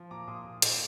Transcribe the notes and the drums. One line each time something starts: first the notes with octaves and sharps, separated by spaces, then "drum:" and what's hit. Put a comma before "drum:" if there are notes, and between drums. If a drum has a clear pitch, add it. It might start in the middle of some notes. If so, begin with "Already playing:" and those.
Already playing: F3
A#2 A#5 D6
A#2 C6 D#6
A#2
A#2, drum: hi-hat